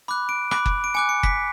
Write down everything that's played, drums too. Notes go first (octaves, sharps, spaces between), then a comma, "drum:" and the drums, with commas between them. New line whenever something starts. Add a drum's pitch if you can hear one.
B5 D6 F#6
D7
B5 D6 F#6, drum: rim click
drum: kick F#1
D7
G#5 D6 F#6 C#7
C#7
B6, drum: kick F#1